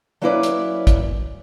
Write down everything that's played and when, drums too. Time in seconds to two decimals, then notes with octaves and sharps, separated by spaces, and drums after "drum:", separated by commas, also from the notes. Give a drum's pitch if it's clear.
0.22 F#3 A#3 C#4 E4 B4 D5
0.43 drum: hi-hat
0.87 drum: kick, hi-hat